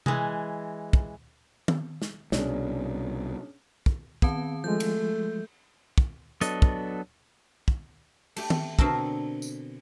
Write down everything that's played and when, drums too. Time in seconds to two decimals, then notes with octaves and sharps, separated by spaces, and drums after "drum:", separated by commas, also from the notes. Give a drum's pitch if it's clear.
0.06 E3 G#3, drum: tom C3
0.93 drum: kick
1.68 drum: tom D#3
2.02 drum: snare
2.32 C2 B2 C#4 D4 G#4, drum: snare
3.86 drum: kick
4.22 D#3 B3 C4 A5, drum: kick
4.64 F3 G#3 A3 G6
4.80 drum: cymbal
5.98 drum: kick
6.41 F#3 B3 D4 A4 D#5, drum: hi-hat
6.62 drum: kick
7.68 drum: kick
8.36 A3 G4, drum: cymbal
8.50 drum: tom D#3
8.79 B2 D3 C4 A4 A#4, drum: kick
9.42 drum: tambourine